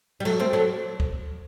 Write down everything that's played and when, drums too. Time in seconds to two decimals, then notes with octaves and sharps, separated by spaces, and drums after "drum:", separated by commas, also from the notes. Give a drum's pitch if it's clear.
0.20 G3
0.25 F#3 A3, drum: cymbal
0.40 A3 C4
0.53 F#3 A3
1.00 drum: kick